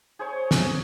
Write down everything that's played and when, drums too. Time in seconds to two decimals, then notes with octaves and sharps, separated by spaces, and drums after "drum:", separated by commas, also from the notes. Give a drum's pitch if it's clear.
0.19 G#4 C5 C#5 G#5
0.51 drum: snare